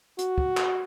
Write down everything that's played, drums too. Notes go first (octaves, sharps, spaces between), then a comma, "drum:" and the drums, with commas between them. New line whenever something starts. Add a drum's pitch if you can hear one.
F#4, drum: hi-hat
drum: kick
drum: clap